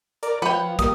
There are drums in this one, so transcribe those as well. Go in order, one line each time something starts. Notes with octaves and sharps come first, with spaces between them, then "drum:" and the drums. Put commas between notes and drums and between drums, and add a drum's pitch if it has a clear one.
A#4 D5, drum: hi-hat
F3 B4 C#5 F#5 G5
G3 A#3 D#6, drum: kick, hi-hat